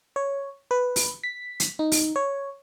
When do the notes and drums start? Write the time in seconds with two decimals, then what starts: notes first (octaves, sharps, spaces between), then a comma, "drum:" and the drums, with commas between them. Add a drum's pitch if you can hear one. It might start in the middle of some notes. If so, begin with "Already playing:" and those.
0.16 C#5
0.71 B4
0.96 drum: open hi-hat
1.23 B6
1.60 drum: hi-hat
1.79 D#4
1.92 drum: open hi-hat
2.16 C#5